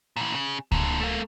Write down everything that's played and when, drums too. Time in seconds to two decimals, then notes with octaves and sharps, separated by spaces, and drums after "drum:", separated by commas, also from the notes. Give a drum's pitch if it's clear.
0.16 A#2 E3
0.35 C#3
0.72 A#2 D3, drum: kick C#2
1.00 A3 A#3